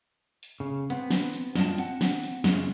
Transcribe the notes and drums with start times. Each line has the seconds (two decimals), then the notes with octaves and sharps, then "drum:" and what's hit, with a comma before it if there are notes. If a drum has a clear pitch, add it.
0.43 drum: open hi-hat
0.60 C#3
0.90 B3 C4, drum: hi-hat
1.11 drum: snare
1.33 drum: open hi-hat
1.56 F#2 G3 F4 D#5 G5 A5, drum: snare
1.78 C4 F#5, drum: hi-hat
2.01 drum: snare
2.23 drum: open hi-hat
2.44 F#2 C#3 F#3 G#3 F4, drum: snare